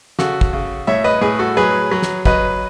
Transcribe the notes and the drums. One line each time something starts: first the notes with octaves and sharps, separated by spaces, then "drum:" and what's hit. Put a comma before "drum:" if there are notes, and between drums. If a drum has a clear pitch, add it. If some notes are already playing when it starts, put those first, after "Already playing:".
C#3 F#4 A4, drum: snare
drum: kick
C#3
A2 C#5 E5
B4 D#5
A2 G#4 B4
F#4 A4
F#3 G#4 B4
F#3
drum: snare
F#3 B4 D#5, drum: kick